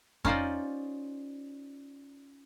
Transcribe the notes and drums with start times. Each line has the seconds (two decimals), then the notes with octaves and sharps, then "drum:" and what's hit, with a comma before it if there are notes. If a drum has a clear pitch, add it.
0.25 C#4 D#4 F4 C5 D5 D#5, drum: kick F2